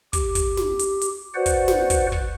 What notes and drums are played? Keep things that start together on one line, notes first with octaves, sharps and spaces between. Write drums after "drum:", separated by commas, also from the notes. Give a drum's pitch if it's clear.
G4, drum: kick, hi-hat
drum: kick, hi-hat
drum: snare
drum: hi-hat
drum: hi-hat
F#4 B4 C5 D5 F#5
drum: kick, hi-hat
drum: snare
drum: kick, hi-hat
drum: kick